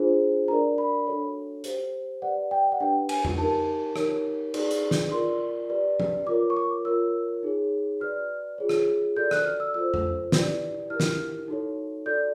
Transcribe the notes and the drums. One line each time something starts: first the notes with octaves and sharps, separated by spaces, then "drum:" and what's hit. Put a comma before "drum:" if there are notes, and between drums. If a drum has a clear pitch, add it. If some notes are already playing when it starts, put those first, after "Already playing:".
Already playing: D4 F4 G#4 C5
D4 F#4 A#4 D5 A#5
B5
D4 F#4 A4 C#5
G4 C5, drum: hi-hat
G4 B4 D5 F#5
G5
F#5
D4 G4 B4 G5
G#5, drum: cymbal
drum: tom F2
D#4 G4 A#4 A5
D#4 G4 A#4 C#5, drum: rim click
D#4 G#4 B4 D5, drum: cymbal
drum: hi-hat
drum: snare
F4 A#4 D5 C6
G4 B4 D5
drum: tom F3
F4 A#4 C#5 D6
C#6
D6
F4 A#4 C#5 E6
D#4 G#4 C#5
F#4 B4 D5 F6
F4 G#4 C#5
drum: rim click
F#4 A4 D5 G6
F#6, drum: rim click
F6
E6
F4 A4 C5 E6
drum: tom F2
E4 G4 B4 D5, drum: snare
E4 G4 A#4 F6
drum: snare
D#4 F#4 A4 C#5
F#4 A4 D5 G6